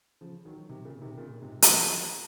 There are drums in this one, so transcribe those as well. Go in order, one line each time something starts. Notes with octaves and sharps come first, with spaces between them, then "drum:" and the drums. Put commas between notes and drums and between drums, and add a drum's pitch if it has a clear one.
C#3 F3
D#3 F#3
C3 D#3
A#2 C#3
C3 D#3
A#2 C#3
G#2 C3
D#3, drum: hi-hat
C#3 F3